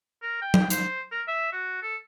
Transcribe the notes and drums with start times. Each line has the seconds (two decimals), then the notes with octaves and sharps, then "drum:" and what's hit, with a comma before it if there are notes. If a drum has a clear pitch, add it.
0.22 A#4
0.41 G5
0.54 drum: tom F#3
0.70 C5, drum: hi-hat
1.12 A#4
1.28 E5
1.52 F#4
1.82 A4